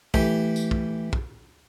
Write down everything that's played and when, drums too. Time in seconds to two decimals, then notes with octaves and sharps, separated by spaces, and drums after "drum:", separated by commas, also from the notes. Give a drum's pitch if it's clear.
0.14 E3 A3 G4, drum: kick
0.56 drum: tambourine
0.71 drum: kick
1.13 drum: kick